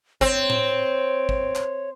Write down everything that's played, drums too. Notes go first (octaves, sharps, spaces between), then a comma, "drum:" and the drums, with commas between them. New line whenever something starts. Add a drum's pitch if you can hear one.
C4 C#5, drum: kick
drum: tom A2
drum: kick
drum: clap